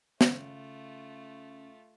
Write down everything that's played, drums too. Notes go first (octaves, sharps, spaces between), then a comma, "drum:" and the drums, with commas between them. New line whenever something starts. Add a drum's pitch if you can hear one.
C#3 A3 F4, drum: snare